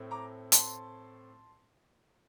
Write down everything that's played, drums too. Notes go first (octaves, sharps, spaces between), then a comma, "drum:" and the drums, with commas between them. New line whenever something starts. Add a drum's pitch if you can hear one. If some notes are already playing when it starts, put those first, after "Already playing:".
Already playing: A2 A3 C4
A#5 D6
A5 C6, drum: hi-hat